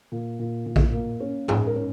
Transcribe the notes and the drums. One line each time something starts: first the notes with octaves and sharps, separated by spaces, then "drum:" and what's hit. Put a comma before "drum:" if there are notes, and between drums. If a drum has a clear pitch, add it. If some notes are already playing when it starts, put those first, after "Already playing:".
A#2
A#2
A#2
drum: kick A#1
A#3
C#4
G#2 G#4, drum: tom G#2
A#4
C#4